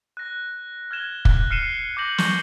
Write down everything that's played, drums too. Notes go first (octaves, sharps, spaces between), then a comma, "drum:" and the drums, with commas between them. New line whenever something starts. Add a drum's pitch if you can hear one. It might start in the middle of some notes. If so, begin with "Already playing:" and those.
F#6 A#6
F6 G#6 E7 G7
F#6, drum: kick
F6 C7 C#7 D#7 E7
D6 F#6 G6 A#6 F#7
C#6 G6 A#6 G7, drum: snare